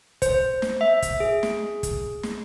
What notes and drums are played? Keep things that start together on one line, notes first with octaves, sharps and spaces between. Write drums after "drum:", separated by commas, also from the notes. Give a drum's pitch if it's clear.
C5, drum: kick, hi-hat
drum: snare
E5
drum: kick, hi-hat
G#4
drum: snare
drum: kick, hi-hat
drum: snare